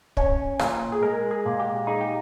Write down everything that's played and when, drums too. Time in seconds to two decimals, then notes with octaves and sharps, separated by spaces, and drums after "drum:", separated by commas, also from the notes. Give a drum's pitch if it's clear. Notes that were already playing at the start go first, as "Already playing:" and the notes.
0.17 C#4 C#5, drum: kick
0.59 A#2, drum: rim click
0.92 G#4
1.02 G#3 A#4
1.31 G#4
1.46 A#2
1.60 G4
1.87 D#4 G#4
2.01 G4